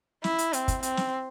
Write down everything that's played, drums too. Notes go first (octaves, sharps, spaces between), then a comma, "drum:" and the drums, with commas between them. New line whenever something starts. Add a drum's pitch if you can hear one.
E4, drum: snare
drum: hi-hat
C4, drum: hi-hat
drum: kick, hi-hat
C4, drum: hi-hat
drum: snare